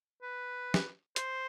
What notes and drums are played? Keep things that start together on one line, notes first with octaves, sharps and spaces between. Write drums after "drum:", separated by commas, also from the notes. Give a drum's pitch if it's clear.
B4
drum: snare
C5, drum: hi-hat